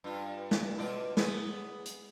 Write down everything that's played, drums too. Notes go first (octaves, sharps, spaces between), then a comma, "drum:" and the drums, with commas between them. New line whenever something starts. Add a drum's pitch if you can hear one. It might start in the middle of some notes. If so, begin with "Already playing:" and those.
G2 F4
drum: snare
B2 F4 D5
B3 G#4, drum: snare
drum: hi-hat